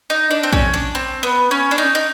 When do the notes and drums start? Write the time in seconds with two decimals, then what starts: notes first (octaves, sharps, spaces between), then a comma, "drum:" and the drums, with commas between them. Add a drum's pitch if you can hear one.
0.10 D#4
0.31 D4
0.43 C4
0.53 C#4, drum: kick A#1
0.74 D4
0.95 C4
1.23 B3
1.51 C#4
1.71 D4
1.78 D#4
1.95 D#4